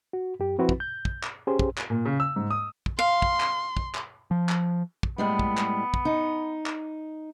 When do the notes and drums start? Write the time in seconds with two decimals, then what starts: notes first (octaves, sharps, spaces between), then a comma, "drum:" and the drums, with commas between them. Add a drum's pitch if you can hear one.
0.13 F#4
0.40 F#2 G4
0.58 F3 C4 E4 F#4 B4
0.69 drum: kick
0.80 G6
1.05 drum: kick
1.23 drum: clap
1.47 C#4 G4 G#4 C5
1.59 drum: kick
1.78 drum: clap
1.90 A#2
2.05 C#3
2.20 E6
2.36 G#2
2.50 D#6
2.86 drum: kick
2.99 F5 C6
3.22 drum: kick
3.40 drum: clap
3.77 drum: kick
3.95 drum: clap
4.31 F3
4.49 drum: clap
5.03 drum: kick
5.18 A2 G3 G#3 B3
5.39 drum: kick
5.57 drum: clap
5.94 drum: kick
6.05 D#4
6.66 drum: clap